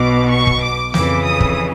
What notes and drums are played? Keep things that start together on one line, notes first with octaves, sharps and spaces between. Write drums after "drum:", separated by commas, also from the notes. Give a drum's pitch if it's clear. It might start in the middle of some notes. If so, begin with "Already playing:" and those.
Already playing: B1 B2 D6
C#6
drum: kick
D6
F2 C#3 E3 D6, drum: snare
D#6
drum: kick